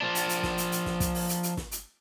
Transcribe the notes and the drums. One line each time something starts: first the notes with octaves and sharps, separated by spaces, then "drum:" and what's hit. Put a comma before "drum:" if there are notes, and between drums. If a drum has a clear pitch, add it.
F3 D4
drum: hi-hat
drum: hi-hat
drum: snare
drum: hi-hat
drum: hi-hat
drum: snare
drum: kick, hi-hat
drum: open hi-hat
drum: hi-hat
drum: hi-hat
drum: snare
drum: hi-hat